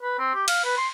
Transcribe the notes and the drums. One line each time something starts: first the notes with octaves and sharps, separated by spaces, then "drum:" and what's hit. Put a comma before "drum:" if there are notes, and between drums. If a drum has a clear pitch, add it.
B4
C4
G4
F5, drum: cymbal
B4
C6